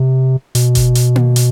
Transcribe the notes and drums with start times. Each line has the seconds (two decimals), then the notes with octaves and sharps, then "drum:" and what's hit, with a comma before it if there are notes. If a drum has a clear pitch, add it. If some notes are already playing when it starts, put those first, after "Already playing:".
Already playing: C3
0.55 B2, drum: hi-hat
0.75 drum: kick F1, hi-hat
0.95 drum: hi-hat
1.16 drum: tom A#3
1.36 drum: hi-hat